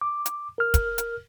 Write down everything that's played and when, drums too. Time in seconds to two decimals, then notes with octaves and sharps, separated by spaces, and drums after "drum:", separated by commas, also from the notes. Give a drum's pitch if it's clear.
0.01 D6
0.26 drum: hi-hat
0.58 A#4 F6
0.74 drum: kick, hi-hat
0.98 drum: hi-hat